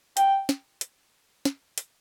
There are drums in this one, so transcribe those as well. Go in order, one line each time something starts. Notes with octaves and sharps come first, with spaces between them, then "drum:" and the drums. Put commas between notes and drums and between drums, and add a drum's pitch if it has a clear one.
G5, drum: hi-hat
drum: snare
drum: hi-hat
drum: snare
drum: hi-hat